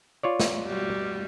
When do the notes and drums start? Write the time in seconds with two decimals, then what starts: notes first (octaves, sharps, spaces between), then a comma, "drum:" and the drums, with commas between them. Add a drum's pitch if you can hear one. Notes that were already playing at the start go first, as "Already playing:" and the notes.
0.23 F4 C#5 D5
0.40 drum: snare
0.66 G3 F#4